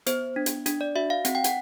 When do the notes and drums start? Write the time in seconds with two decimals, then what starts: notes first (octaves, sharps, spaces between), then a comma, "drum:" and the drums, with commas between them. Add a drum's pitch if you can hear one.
0.06 B3 C5, drum: hi-hat
0.36 D4
0.46 drum: hi-hat
0.66 D4, drum: hi-hat
0.81 D5
0.96 F#4 E5
1.10 F5
1.25 C4 F#5, drum: hi-hat
1.35 G5
1.44 F#5, drum: hi-hat